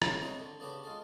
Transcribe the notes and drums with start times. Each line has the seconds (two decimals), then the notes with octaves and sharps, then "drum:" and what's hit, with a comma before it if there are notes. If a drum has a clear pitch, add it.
0.02 G2 C#3 F3 C4, drum: rim click
0.21 F#3 G#3 C4 E4
0.40 D3
0.60 C#3 B3 D4 F#4 G4
0.84 G#3 F4 G#4 A4